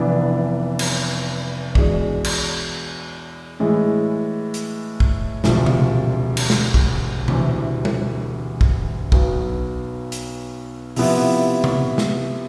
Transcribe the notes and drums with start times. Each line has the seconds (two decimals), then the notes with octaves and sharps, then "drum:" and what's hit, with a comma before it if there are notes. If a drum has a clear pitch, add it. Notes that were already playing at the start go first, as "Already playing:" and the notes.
Already playing: F1 F2 E3 B3 D4
0.79 drum: cymbal
1.75 E2 B2 G#3 D4, drum: kick A#1
2.24 drum: cymbal
3.60 A2 E3 G#3
4.54 drum: hi-hat
5.00 drum: kick A#1
5.44 E1 D2 C3 F3, drum: snare
5.66 drum: tom C3
6.37 drum: cymbal
6.50 drum: snare
6.74 drum: kick A#1
7.28 E1 D2 C3 E3, drum: tom C3
7.85 drum: tom G3
8.61 drum: kick A#1
9.12 B1 B2 B3, drum: kick A#1
10.12 drum: hi-hat
10.96 C3 F3 B3 E4, drum: open hi-hat
11.64 drum: tom C3
11.98 drum: snare